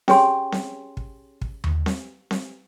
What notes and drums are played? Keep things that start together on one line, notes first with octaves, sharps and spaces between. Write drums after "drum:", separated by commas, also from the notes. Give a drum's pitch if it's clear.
C#4 G4 G#4 C#5 G#5 C6, drum: snare C4
drum: snare C4
drum: kick
drum: kick
drum: tom D#2
drum: snare C4
drum: snare C4